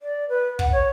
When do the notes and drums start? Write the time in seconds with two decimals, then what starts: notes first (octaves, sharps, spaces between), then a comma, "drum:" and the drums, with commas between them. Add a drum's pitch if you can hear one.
0.02 D5
0.29 B4
0.59 F#5, drum: kick
0.72 C#5